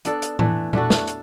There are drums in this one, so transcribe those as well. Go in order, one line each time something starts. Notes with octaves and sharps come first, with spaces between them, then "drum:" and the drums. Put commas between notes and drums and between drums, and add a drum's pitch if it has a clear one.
B3 D4 A4 D5, drum: hi-hat
drum: hi-hat
E3 A3 D4, drum: tom A2
A3 D4 F#4 A4, drum: tom A#2
drum: snare
drum: hi-hat